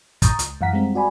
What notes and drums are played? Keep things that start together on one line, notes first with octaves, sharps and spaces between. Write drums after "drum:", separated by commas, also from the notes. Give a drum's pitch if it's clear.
A#5 C#6 D#6 G6 A6, drum: kick, hi-hat
C#2, drum: hi-hat
F#2 E3 F5 F#5 A#5 B6
G3 G#3 C4
F#4 D5 G#5 B5